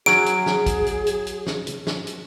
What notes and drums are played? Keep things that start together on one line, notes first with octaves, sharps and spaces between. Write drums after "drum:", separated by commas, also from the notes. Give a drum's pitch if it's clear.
F#3 C#4 G#4 D7, drum: snare
drum: hi-hat
drum: snare
drum: kick, hi-hat
drum: hi-hat
drum: hi-hat
drum: hi-hat
drum: snare
drum: hi-hat
drum: snare
drum: hi-hat